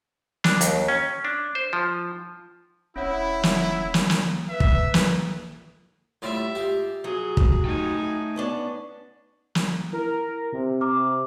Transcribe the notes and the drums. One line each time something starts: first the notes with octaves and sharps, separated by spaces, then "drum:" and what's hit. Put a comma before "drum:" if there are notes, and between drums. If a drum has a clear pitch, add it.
D4, drum: snare
D#2, drum: hi-hat
C#4
D4
C5
F3
E1 C#4 E4 C#5 F#5
drum: snare
drum: snare
drum: snare
B4 E5
drum: kick
drum: snare
A2 G3 F4 D5 E5
G#2 F4 G4
F#3 G#4
drum: kick
A3 D#4 G5 G#5
B3 C#4 D4
drum: snare
E4 A#4
C3
A#5 D6 F6